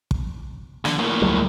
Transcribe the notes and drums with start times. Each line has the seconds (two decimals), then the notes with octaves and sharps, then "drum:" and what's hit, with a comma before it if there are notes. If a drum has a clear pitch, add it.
0.11 drum: kick
0.85 D3, drum: snare
0.99 A2 A#3
1.22 D2 F#3 G3